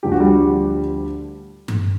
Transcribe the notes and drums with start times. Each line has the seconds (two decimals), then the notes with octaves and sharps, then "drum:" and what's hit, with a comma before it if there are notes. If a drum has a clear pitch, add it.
0.03 D2 D3 F3 G4
0.12 F#4
0.20 G3 G4
1.68 drum: tom G2